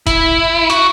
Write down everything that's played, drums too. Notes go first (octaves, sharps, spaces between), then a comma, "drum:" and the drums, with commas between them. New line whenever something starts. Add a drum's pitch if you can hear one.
E4, drum: kick, hi-hat
F#4, drum: hi-hat